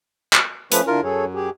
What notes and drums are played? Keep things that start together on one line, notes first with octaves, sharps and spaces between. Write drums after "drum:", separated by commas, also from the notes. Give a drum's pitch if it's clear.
drum: clap
F3 A3 C#4 B4, drum: hi-hat
D3 D4 E4 F4 A#4
F#2 G#4 A4 C#5
G4 G#4